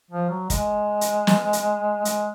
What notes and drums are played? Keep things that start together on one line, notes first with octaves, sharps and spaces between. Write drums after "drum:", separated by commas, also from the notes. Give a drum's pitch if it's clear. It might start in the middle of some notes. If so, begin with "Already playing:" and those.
F3
F#3
G#3, drum: kick, hi-hat
drum: hi-hat
drum: snare
drum: hi-hat
G#3, drum: hi-hat